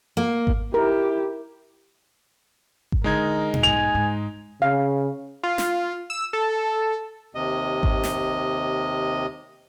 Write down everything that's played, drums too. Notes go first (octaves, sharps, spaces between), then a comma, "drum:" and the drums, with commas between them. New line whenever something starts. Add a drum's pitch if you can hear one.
A#3
drum: kick G#1
E4 G4 A#4
drum: kick G#1
D3 G#3 D#4 A#4 G#6
drum: tom A#2
B1 G#2 G#5 F7
G#2
C#3 F5
F4
drum: snare
E6
A4
D#2 C3 D#5
drum: kick G#1
drum: snare